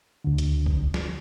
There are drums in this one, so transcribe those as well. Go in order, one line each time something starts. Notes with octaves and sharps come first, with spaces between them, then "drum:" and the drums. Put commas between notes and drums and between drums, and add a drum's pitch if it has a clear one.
D2 D3
drum: hi-hat
drum: kick B1
drum: snare